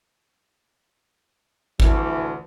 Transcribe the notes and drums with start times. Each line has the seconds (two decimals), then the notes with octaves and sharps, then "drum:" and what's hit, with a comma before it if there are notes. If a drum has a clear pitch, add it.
1.80 D2 E3, drum: kick G#1